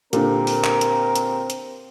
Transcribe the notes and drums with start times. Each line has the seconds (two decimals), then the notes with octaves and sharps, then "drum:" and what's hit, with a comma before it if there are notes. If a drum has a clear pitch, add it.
0.13 A#2 D3 C4 G4 A#4, drum: hi-hat
0.47 drum: open hi-hat
0.64 drum: clap
0.81 drum: hi-hat
1.16 drum: hi-hat
1.50 drum: hi-hat